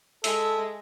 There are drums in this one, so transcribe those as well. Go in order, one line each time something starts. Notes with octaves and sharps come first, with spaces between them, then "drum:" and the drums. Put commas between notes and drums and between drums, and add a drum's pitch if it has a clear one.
G#3 A4 E5, drum: hi-hat